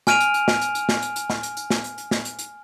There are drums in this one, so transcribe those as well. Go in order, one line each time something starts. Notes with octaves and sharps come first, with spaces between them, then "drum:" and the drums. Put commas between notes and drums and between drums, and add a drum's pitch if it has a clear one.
G#5 F6 D7 D#7 F7, drum: snare
drum: hi-hat
drum: hi-hat
drum: snare
drum: hi-hat
drum: hi-hat
drum: snare
drum: hi-hat
drum: hi-hat
drum: snare
drum: hi-hat
drum: hi-hat
drum: snare
drum: hi-hat
drum: hi-hat
drum: snare
drum: hi-hat
drum: hi-hat